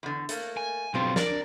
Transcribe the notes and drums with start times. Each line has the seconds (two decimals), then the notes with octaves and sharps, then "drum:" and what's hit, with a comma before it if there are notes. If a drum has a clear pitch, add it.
0.03 E2 D3
0.29 A3 A#3, drum: hi-hat
0.57 G#5
0.94 B1 F3 G3 C4 F4
1.16 D4 A#4 D5, drum: snare